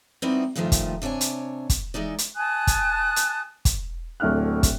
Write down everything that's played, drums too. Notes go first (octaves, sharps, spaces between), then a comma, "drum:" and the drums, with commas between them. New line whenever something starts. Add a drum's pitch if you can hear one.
G3 B3 C4 D#4 E4 F#4
G2 A#2 D#3 F3 A3
drum: kick, hi-hat
C3 D4 C#5 E5 G#5
drum: hi-hat
drum: kick, hi-hat
E3 G#3 D#4 D5
drum: hi-hat
G#5 A5 D#6 F#6
drum: kick, hi-hat
drum: hi-hat
drum: kick, hi-hat
D1 A2 D4 F6 F#6
drum: kick, hi-hat